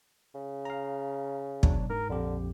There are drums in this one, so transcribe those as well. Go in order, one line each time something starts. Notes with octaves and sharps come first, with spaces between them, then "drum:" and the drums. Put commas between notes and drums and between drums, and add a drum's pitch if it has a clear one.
C#3
F5 A#5
B2 F#3 D4, drum: kick
G#2 A#4
A#1 F2 D3 G4